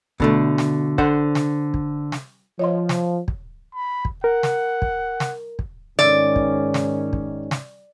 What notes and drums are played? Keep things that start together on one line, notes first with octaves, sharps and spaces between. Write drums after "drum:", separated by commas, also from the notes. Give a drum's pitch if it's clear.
B2 D3 A3, drum: kick
drum: snare
D3 C5 F#5, drum: kick
drum: snare
drum: kick
drum: snare
F3 C#5 D#5 C6
drum: snare
drum: kick
B5
drum: kick
A#4 F#5
drum: snare
drum: kick
drum: snare
drum: kick
G#2 D#3 C#4 D5, drum: snare
drum: kick
drum: snare
drum: kick
drum: snare